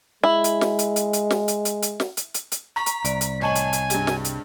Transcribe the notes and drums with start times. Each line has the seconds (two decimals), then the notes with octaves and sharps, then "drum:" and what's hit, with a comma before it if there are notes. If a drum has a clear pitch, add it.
0.23 G#3 E4
0.44 drum: hi-hat
0.61 drum: snare
0.79 drum: hi-hat
0.96 drum: hi-hat
1.13 drum: hi-hat
1.30 drum: snare
1.48 drum: hi-hat
1.65 drum: hi-hat
1.82 drum: hi-hat
2.00 drum: snare
2.17 drum: hi-hat
2.34 drum: hi-hat
2.52 drum: hi-hat
2.76 A#5 C#6 B6
2.86 drum: hi-hat
3.05 C2 D5, drum: hi-hat
3.21 drum: hi-hat
3.41 A1 C#5 D#5 G#5 A5 C#6 F#7
3.55 drum: hi-hat
3.73 drum: hi-hat
3.90 G2 G4 G#4, drum: hi-hat
4.07 drum: snare
4.25 drum: hi-hat